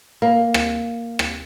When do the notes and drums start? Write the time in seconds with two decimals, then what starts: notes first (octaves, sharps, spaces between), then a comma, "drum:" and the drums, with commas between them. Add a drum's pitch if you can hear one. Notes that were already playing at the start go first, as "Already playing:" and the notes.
0.22 A#3
0.54 drum: rim click
1.19 drum: rim click